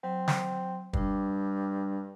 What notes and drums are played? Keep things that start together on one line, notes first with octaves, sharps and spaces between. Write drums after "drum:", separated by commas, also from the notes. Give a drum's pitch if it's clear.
F#3 C4
drum: snare
G2 G3 D4, drum: kick